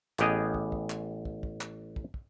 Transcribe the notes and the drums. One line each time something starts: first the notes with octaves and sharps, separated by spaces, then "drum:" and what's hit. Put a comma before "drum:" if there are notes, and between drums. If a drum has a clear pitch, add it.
A1 B3 G4 G#4 D#5, drum: clap
drum: kick
drum: kick
drum: clap
drum: kick
drum: kick
drum: clap
drum: kick
drum: kick